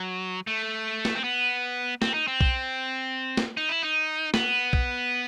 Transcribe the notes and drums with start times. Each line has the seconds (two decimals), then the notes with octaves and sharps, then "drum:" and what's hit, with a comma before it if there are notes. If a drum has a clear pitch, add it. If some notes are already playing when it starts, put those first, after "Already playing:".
Already playing: F#3
0.47 A3
1.05 drum: snare
1.15 C4
1.24 B3
2.02 C4, drum: snare
2.14 D#4
2.28 C4
2.41 drum: kick
3.37 drum: snare
3.57 D#4
3.69 E4
3.82 D#4
4.34 B3, drum: snare
4.73 drum: kick